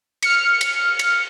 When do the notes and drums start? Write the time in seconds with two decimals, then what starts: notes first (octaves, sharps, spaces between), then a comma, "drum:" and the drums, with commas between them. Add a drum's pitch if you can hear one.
0.22 F6 C#7, drum: cymbal
0.61 drum: cymbal
0.99 drum: cymbal